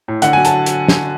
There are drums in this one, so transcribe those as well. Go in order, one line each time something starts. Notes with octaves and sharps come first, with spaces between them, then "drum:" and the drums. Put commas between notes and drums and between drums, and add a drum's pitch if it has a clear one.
A2
D3 F#5, drum: hi-hat
F#3 G#5
A5, drum: hi-hat
drum: hi-hat
drum: snare